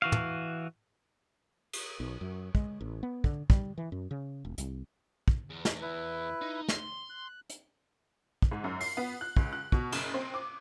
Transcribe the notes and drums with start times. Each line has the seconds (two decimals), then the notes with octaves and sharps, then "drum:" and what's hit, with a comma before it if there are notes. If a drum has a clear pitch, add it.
0.02 E3 F#4 F5
0.12 drum: tom
1.73 drum: cymbal
2.00 B1
2.21 F#2
2.55 G#3, drum: kick
2.81 A1
3.03 B3
3.24 D3, drum: kick
3.50 G3, drum: kick
3.78 E3
3.92 F#2
4.11 C#3
4.45 E1
4.58 C2, drum: hi-hat
5.28 drum: kick
5.50 E2
5.65 drum: snare
5.82 E4 B4
6.41 D#4
6.68 C6, drum: snare
7.10 F#6
7.50 drum: hi-hat
8.42 drum: kick
8.51 G#2
8.64 F#2
8.81 C7, drum: open hi-hat
8.97 B3
9.21 F#6
9.37 C#2, drum: kick
9.53 F#6
9.72 B2, drum: kick
9.92 F#1, drum: cymbal
10.14 C4
10.34 D6